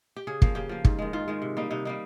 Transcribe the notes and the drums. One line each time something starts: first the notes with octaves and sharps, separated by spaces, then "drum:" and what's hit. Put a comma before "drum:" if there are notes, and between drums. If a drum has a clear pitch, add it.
G4
C#3 G#4
F3 A#3, drum: kick
C#3 G4
F3 A#3
G#2, drum: kick
D#3 G#3
G#2 F4
D#3 G#3
C3
G3 A#3 D#4
C3 D#4
G3 A#3 D#4